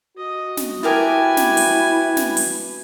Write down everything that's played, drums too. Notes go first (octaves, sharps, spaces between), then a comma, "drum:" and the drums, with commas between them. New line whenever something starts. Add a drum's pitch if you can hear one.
F#4 D#5
drum: snare
E4 G4 A#4 B4 G#5 A5
drum: snare
drum: open hi-hat
drum: snare
drum: open hi-hat